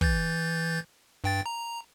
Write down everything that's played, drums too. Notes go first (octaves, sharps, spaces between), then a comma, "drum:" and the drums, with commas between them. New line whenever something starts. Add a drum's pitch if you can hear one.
E3 G6 A6, drum: kick
G2 G5 A6
A#5